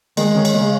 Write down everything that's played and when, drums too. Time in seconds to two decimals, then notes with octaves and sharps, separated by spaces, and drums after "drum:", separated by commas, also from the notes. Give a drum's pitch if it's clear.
0.17 D#3 G#3, drum: cymbal
0.35 D#3 C#4
0.45 drum: cymbal
0.54 C#3 G#3